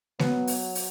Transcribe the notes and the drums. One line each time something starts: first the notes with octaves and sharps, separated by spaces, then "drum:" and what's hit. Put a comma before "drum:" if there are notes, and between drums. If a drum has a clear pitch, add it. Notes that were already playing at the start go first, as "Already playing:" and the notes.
F#3 B3, drum: snare G#3
drum: open hi-hat
drum: open hi-hat